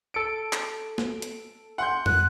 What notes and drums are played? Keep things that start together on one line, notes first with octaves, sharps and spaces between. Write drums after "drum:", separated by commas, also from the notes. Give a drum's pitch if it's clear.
A4 C#7 D7
drum: clap
drum: snare
drum: hi-hat
F#5 C6 G6
F#6, drum: tom F2